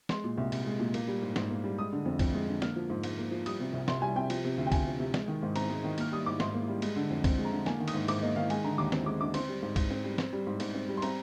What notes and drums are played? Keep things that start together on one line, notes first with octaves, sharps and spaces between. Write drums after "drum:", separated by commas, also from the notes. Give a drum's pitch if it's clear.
G#3 C6, drum: snare
A#2
C2
C2, drum: cymbal
G#3
A#2
A#3, drum: cymbal
G3
G#2
G#2, drum: snare
A#3
G3
G#3 D#6
D3
F2
F2, drum: kick C2, cymbal
G#3
D3
A#3 F6, drum: snare
F3
G#2
G#2, drum: cymbal
A#3
F3
G3 D#6, drum: cymbal
C3
C2
C2 C6, drum: snare
G3 G#5
C3 G5
F3, drum: cymbal
C3
D2
G5
D2 G#5, drum: kick C2, cymbal
F3
C3
G#3, drum: snare
D#3
G#2
C4 A#5, drum: cymbal
G#3
D#3
A#3 F6, drum: cymbal
G3 D#6
G#2 D6
G#2 C6, drum: snare
A#3
G3
G#3, drum: cymbal
D3
F2
C4, drum: kick C2, cymbal
G#3
A#5
D3
A#3 G#5, drum: snare
D#3
D#6, drum: cymbal
G#2
G#2 D6, drum: cymbal
A#3 D#5
D#3 F5
G#3 G#5, drum: cymbal
D3 A#5
D#2 D6
C4, drum: snare
G#3 D6
D3 D6
C4 C6, drum: cymbal
G3
G#2
G#2, drum: kick C2, cymbal
C4
G3
C4, drum: snare
G3
G#2
G#2, drum: cymbal
C4
G3
C6
C4 A#5, drum: cymbal